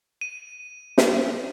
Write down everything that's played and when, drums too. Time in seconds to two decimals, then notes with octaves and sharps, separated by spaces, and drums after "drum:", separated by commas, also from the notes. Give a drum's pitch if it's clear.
0.21 D#7
0.98 drum: snare